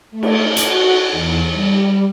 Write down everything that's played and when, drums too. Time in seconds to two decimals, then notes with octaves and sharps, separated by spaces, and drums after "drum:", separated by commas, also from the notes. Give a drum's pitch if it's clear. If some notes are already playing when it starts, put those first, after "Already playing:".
0.11 A3
0.23 drum: cymbal
0.57 F#4, drum: hi-hat
1.12 E2
1.53 G3